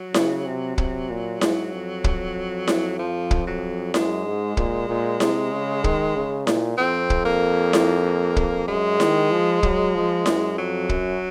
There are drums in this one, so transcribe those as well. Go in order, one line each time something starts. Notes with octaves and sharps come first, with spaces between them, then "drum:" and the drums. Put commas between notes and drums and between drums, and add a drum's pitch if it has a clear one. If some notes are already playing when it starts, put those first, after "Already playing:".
Already playing: F#3
C#3, drum: snare E4
C3
C3, drum: kick
A#2
G#2, drum: snare E4
F2
drum: kick
drum: snare E4
F3
drum: kick
F#3
F#2 G#3, drum: snare E4
G#2
A#2, drum: kick
A#2
C3, drum: snare E4
C#3
D#3, drum: kick
C#3
A#2, drum: snare E4
F2 C4
drum: kick
A#3
drum: snare E4
drum: kick
F#2 G#3
D#3, drum: snare E4
F3
F#3, drum: kick
F3
F#2, drum: snare E4
F2 F#3
F#2, drum: kick